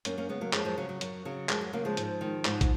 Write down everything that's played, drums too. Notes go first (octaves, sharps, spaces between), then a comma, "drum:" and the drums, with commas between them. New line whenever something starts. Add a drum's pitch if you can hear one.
F#2 A#3 C#4, drum: hi-hat
A#3 C#4
C#3 G#3 B3
F#3 A#3
F#2 F3 G#3, drum: clap
F3 G#3
C#3 F#3
F#3
F#2 F#3, drum: hi-hat
C#3 F#3
F#2 F3 G#3, drum: clap
F#3
C#3 F#3 A#3
F3 G#3
G#2, drum: hi-hat
D#3
G#2, drum: clap
drum: kick, hi-hat